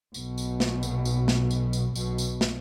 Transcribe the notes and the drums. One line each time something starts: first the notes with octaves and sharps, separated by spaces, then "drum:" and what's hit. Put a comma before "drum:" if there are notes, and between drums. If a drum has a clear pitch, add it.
B1 B2, drum: tambourine
drum: tambourine
drum: snare
drum: tambourine
drum: tambourine
drum: snare
drum: tambourine
drum: tambourine
B1 B2, drum: tambourine
drum: tambourine
drum: snare